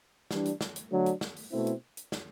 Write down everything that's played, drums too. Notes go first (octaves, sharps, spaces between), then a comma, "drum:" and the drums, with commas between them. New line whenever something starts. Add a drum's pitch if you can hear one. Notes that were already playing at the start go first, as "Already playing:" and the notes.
E3 G3 D4, drum: snare
drum: hi-hat
drum: snare
drum: hi-hat
D3 F#3 A3 D4
drum: hi-hat
drum: snare
drum: open hi-hat
B2 A3 C4 E4
drum: hi-hat
drum: hi-hat
drum: snare